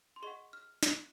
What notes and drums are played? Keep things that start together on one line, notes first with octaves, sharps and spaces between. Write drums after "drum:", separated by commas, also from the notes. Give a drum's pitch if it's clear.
C6
G#4 D#5 F#5 C#6
F6
F#6, drum: snare